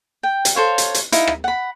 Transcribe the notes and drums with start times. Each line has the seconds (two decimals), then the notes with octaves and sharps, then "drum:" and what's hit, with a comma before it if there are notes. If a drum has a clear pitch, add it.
0.23 G5
0.45 drum: hi-hat
0.55 A4 C5 C#5 F5
0.78 drum: hi-hat
0.94 drum: hi-hat
1.12 D#4 E4 F5, drum: hi-hat
1.27 drum: rim click
1.44 F#5 B5